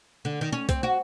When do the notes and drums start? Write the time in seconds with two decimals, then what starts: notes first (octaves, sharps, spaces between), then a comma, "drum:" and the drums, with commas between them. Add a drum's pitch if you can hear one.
0.25 D3
0.41 D#3
0.52 C#4
0.69 C4, drum: kick C2, hi-hat
0.83 F#4